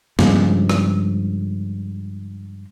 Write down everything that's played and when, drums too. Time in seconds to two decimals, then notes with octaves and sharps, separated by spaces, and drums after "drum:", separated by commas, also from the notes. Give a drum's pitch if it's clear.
0.19 G2 C#3 F3 G#3, drum: snare
0.70 drum: rim click